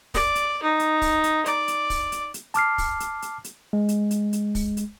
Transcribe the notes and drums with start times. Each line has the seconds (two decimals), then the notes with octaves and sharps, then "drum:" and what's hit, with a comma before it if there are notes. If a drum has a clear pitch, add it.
0.14 D5, drum: kick, open hi-hat
0.35 drum: hi-hat
0.63 D#4
0.79 drum: hi-hat
1.02 drum: kick, open hi-hat
1.24 drum: hi-hat
1.46 D5, drum: hi-hat
1.68 drum: hi-hat
1.90 drum: kick, open hi-hat
2.12 drum: hi-hat
2.34 drum: hi-hat
2.54 A5 D6 F6 C7, drum: hi-hat
2.78 drum: kick, open hi-hat
3.00 drum: hi-hat
3.22 drum: hi-hat
3.44 drum: hi-hat
3.73 G#3
3.89 drum: hi-hat
4.11 drum: hi-hat
4.33 drum: hi-hat
4.55 drum: kick, open hi-hat
4.77 drum: hi-hat